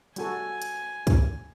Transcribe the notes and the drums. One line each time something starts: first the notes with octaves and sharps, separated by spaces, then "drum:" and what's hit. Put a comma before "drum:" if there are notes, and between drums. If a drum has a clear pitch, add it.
G3 F#4 A4 G#5, drum: hi-hat
drum: hi-hat
drum: kick, hi-hat